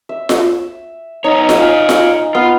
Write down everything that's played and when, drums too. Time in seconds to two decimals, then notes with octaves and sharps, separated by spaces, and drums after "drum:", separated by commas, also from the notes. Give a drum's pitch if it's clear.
0.09 E5
0.29 drum: snare F4
1.24 B3 D#4 C#5
1.49 drum: snare F4
1.61 F5 G#5
1.89 drum: snare F4
2.35 B3 F4